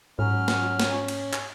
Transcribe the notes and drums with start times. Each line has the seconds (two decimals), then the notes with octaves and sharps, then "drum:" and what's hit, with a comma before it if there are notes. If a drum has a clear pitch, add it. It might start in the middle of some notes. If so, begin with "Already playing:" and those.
0.19 G#2 F#3 C#4 F6
0.48 drum: snare
0.80 drum: snare
0.90 C#4
1.08 drum: cymbal
1.33 drum: clap